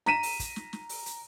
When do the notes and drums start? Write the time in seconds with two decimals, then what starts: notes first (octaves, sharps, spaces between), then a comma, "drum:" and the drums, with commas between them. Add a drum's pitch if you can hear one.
0.06 A#5 B6 D#7 E7, drum: snare
0.23 drum: open hi-hat
0.40 drum: kick, hi-hat
0.56 drum: snare
0.73 drum: snare
0.89 drum: open hi-hat
1.06 drum: hi-hat